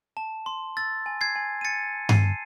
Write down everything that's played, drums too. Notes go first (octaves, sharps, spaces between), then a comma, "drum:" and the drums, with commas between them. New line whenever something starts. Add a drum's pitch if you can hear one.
A5
C6
E6 A6
G#5
G#6 C7
G#5
D#7
F#6 A6 C#7
A5
C7 D#7, drum: tom G2
A5